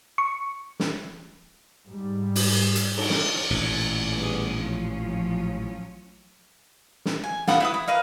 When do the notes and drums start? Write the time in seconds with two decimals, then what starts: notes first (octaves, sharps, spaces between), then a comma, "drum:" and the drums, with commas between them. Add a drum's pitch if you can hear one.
0.18 C#6
0.80 drum: snare
1.86 G#2 G3
2.35 drum: open hi-hat
2.75 drum: hi-hat
2.97 drum: cymbal
3.10 drum: snare
3.51 A1 A#2
4.16 G3 B3 G#4
4.58 F3 F#3 C#4
7.05 drum: snare
7.24 G#5
7.47 F4 F#5 B5 D#6, drum: snare
7.60 E4 B4 D#6
7.74 B5
7.88 A#4 B4 D#5 F5